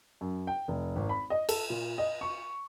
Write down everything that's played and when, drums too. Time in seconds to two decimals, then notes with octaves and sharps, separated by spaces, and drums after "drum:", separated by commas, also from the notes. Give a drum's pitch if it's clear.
0.21 F#2
0.47 G5
0.68 F1
0.96 G#1
1.09 B5
1.30 D#5
1.49 A4, drum: cymbal
1.70 A#2
1.98 D#5
2.21 C#6